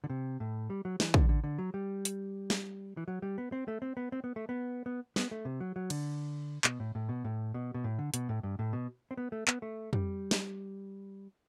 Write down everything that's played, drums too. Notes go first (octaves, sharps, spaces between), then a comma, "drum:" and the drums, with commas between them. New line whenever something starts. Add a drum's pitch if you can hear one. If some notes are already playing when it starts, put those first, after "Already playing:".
D3
C3
A2
G3
F#3
E3, drum: snare
D3, drum: kick
D3
D3
F#3
G3
drum: hi-hat
drum: snare
E3
F#3
G3
B3
C4
A3
C4
B3
C4
B3
A3
B3
B3
B3, drum: snare
A3
C3
F#3
F#3
D3, drum: cymbal
B2, drum: clap
A2
A2
B2
A2
B2
B2
A2
D3
B2, drum: hi-hat
A2
G2
A2
B2
C4
B3
A3
B3, drum: clap
A3
G3, drum: tom F2
drum: snare